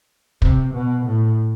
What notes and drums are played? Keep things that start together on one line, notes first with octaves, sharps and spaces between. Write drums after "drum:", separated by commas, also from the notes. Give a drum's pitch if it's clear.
C3, drum: kick
B2
A2